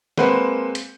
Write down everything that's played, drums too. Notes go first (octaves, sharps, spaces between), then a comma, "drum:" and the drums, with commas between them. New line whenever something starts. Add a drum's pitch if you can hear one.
G#3 A#3 C4 B4 C5 F#5, drum: snare
drum: hi-hat